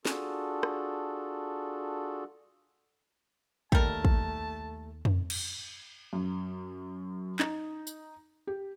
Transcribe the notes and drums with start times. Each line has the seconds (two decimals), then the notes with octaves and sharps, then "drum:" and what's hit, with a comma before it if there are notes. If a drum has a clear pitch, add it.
0.05 D4 F4 F#4 G#4 A4, drum: snare
0.63 drum: rim click
3.72 D#2 G3 A3 A#4 A5, drum: kick
4.05 drum: kick
5.05 drum: tom F2
5.30 drum: cymbal
6.13 F#2
7.39 D#4, drum: clap
7.87 drum: tambourine
8.47 G4